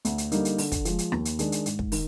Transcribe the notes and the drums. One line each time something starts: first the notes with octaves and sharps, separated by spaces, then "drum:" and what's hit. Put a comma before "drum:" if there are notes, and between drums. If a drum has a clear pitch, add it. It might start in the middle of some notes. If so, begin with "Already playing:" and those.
D2, drum: hi-hat
drum: hi-hat
D3 G3 A#3 D#4, drum: hi-hat
drum: hi-hat
D3, drum: open hi-hat
drum: kick, hi-hat
F3 G#3, drum: hi-hat
drum: hi-hat
D#2, drum: rim click
drum: hi-hat
D#3 G#3 D4, drum: hi-hat
drum: hi-hat
G#2, drum: hi-hat
drum: kick
D#3, drum: open hi-hat